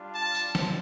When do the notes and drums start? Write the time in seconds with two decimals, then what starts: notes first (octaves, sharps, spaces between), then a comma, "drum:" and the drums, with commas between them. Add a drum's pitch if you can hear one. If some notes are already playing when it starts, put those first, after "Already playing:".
Already playing: G3 D4 F4
0.15 A5
0.35 drum: tambourine
0.55 drum: snare